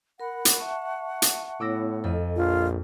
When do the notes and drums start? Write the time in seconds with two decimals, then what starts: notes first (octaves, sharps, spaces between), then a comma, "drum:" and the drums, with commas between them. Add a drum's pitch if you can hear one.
0.20 A#4 F#5 B5
0.45 drum: hi-hat
0.59 E5 A5 C#6
1.22 drum: hi-hat
1.60 A2 B3 E4 C#5 D6 E6 A#6
2.04 F2 A4 D#5
2.36 A#1 F4